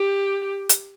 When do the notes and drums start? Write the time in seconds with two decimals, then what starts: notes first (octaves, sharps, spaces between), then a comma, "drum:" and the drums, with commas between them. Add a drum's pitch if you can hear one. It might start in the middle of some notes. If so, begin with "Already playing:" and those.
Already playing: G4
0.69 drum: hi-hat